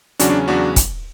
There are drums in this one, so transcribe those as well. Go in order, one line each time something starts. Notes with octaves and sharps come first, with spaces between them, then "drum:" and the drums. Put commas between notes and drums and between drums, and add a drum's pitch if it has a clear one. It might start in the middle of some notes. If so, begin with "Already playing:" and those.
E2 C#3 F#3 C#4 D4 F#4, drum: hi-hat
D4
E2 C#3 F#3 C#4 D4 F#4
drum: kick, hi-hat